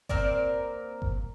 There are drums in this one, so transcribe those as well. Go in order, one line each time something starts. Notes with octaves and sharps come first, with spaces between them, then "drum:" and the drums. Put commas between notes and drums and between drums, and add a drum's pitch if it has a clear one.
A#3 C4 A#4 D5, drum: kick G1
drum: kick G1